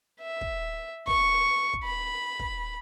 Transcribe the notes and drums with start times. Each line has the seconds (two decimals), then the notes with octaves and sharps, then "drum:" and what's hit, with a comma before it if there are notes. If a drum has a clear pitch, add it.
0.21 E5
0.41 drum: kick
1.07 C#6, drum: kick
1.73 drum: kick
1.83 B5
2.39 drum: kick